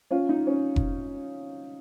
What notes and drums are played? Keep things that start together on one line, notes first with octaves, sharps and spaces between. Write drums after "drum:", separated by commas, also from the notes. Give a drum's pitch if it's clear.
C#4 F4
D#4
C#4
drum: kick F1